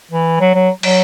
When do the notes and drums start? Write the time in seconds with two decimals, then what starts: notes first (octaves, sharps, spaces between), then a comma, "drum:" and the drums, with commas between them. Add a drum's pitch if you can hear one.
0.11 E3
0.41 F#3
0.54 F#3
0.83 F#3, drum: cymbal